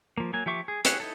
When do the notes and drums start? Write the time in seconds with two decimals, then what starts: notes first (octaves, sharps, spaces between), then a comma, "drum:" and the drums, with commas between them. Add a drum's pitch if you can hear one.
0.17 F3 A#3
0.33 F#3 A#3 G#5
0.46 F3 G4 E5 C#6 D6
0.68 G#4
0.85 E4 G4 G#4 C#5 F#5, drum: hi-hat
1.00 D#4 E4 A4